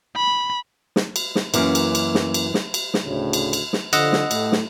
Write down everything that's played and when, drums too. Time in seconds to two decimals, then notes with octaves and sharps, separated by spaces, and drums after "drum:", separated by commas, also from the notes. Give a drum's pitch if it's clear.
0.16 B5
0.96 drum: snare
1.16 drum: cymbal
1.35 drum: snare
1.54 F#2 E3 A#3 C#4, drum: cymbal
1.75 drum: cymbal
1.95 drum: cymbal
2.15 drum: snare
2.34 drum: cymbal
2.54 drum: snare
2.74 drum: cymbal
2.94 drum: snare
3.05 D2 A2 C#3
3.33 drum: cymbal
3.53 drum: cymbal
3.73 drum: snare
3.93 D3 F3 D#5 F#5 E6, drum: cymbal
4.13 drum: snare
4.31 A2, drum: cymbal
4.52 drum: snare